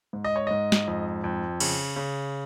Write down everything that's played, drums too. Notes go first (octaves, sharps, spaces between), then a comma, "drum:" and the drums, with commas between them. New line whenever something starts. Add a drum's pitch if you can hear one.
G#2
D#5
C#5
G#2 D#5
drum: snare
F2
F2
C#3, drum: cymbal
C#3